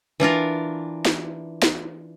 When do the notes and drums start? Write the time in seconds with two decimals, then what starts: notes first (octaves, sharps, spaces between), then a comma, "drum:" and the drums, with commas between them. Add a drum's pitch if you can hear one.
0.20 E3 D4 F4 A#4
1.05 drum: snare
1.62 drum: snare